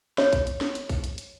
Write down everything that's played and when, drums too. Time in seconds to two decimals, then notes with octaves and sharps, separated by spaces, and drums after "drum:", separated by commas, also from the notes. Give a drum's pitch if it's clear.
0.18 C#5, drum: snare
0.33 drum: kick A#1, hi-hat
0.47 drum: hi-hat
0.61 drum: snare
0.75 drum: hi-hat
0.89 drum: kick A#1, open hi-hat
1.04 drum: hi-hat
1.18 drum: hi-hat